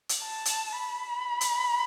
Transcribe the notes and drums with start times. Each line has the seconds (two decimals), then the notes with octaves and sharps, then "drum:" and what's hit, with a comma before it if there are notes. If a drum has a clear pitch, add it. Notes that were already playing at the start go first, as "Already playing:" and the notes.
0.09 drum: hi-hat
0.23 A5
0.45 drum: hi-hat
0.79 B5
1.41 drum: hi-hat